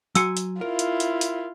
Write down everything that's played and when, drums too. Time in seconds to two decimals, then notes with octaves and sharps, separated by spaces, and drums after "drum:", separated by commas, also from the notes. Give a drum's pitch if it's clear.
0.15 F#3 G#5 C6 E6 C#7, drum: hi-hat
0.37 drum: hi-hat
0.61 E4 F4 A#4
0.79 drum: hi-hat
1.00 drum: hi-hat
1.21 drum: hi-hat